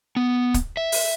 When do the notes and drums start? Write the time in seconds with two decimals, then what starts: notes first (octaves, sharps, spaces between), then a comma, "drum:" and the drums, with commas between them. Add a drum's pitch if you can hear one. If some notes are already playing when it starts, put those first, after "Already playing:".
0.16 B3
0.54 drum: kick, hi-hat
0.77 E5
0.92 drum: open hi-hat